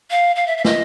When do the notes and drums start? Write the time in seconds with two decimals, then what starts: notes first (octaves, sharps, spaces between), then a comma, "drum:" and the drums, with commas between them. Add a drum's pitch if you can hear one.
0.11 F5
0.36 F5
0.47 E5
0.58 E5
0.64 D#5, drum: snare